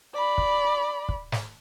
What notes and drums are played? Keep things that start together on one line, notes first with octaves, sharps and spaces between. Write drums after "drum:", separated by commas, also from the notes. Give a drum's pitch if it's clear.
D5 B5
drum: kick
drum: kick
drum: snare